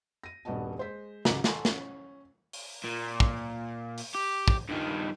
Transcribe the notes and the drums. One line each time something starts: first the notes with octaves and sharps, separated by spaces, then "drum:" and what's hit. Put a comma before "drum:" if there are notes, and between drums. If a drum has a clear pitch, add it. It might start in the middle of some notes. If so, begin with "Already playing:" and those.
A#6 D#7
D#1 G2 B3 F#4 D#5 A5
G#3 C5 B6
C#2 G#2 C#3 F#3 A#5 D6, drum: snare
A4 G#5 A#5 C6 C#6, drum: snare
C#4, drum: snare
drum: open hi-hat
A#2
drum: kick
drum: open hi-hat
G4
drum: kick
G2 D#3